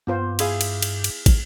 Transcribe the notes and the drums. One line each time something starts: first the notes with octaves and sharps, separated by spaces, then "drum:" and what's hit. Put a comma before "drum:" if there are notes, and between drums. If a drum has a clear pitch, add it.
G2 B3 F4 C5
E4 G#4 F5, drum: cymbal
drum: cymbal
drum: cymbal
drum: cymbal
drum: kick, cymbal